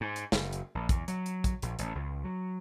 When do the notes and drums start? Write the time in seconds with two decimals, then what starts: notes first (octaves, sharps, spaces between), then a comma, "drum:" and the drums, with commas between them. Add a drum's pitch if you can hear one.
0.01 G#2
0.16 drum: hi-hat
0.32 F#1, drum: snare
0.53 drum: hi-hat
0.75 A#1
0.89 E2, drum: kick, hi-hat
1.08 F#3, drum: hi-hat
1.26 drum: hi-hat
1.44 drum: kick, hi-hat
1.62 A#1, drum: hi-hat
1.79 A1, drum: hi-hat
1.95 C#2
2.24 F#3